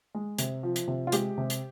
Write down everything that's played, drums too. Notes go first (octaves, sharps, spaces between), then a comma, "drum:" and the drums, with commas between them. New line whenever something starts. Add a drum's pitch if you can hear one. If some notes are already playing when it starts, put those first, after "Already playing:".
G#3
C3, drum: hi-hat
F3
drum: hi-hat
C3
F4
G#3 G4, drum: hi-hat
C3
drum: hi-hat